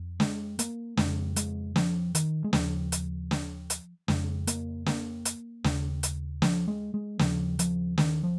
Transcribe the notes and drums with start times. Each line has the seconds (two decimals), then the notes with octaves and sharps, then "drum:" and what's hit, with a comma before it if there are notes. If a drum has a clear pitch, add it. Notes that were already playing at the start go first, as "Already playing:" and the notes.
Already playing: F2
0.20 G#3, drum: snare
0.59 A#3, drum: hi-hat
0.97 F2 C#3 G#3, drum: snare
1.36 G#3, drum: hi-hat
1.76 F3, drum: snare
2.15 D#3, drum: hi-hat
2.44 G#3
2.53 D#2 C#3 F3, drum: snare
2.92 drum: hi-hat
3.31 drum: snare
3.70 drum: hi-hat
4.08 F2 C#3 G#3, drum: snare
4.47 A#3, drum: hi-hat
4.86 A#3, drum: snare
5.25 drum: hi-hat
5.64 D#2 C#3, drum: snare
6.03 drum: hi-hat
6.42 F3, drum: snare
6.68 G#3
6.94 G#3
7.19 D#2 C#3 F3, drum: snare
7.59 F3, drum: hi-hat
7.98 D#3, drum: snare
8.24 F3